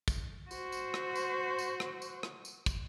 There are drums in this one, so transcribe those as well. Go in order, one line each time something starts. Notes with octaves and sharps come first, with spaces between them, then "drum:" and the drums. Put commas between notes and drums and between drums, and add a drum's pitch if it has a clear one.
drum: kick, tambourine
F#4 C5, drum: tambourine
drum: tambourine
drum: rim click
drum: tambourine
drum: tambourine
drum: rim click
drum: tambourine
drum: rim click
drum: tambourine
drum: kick, tambourine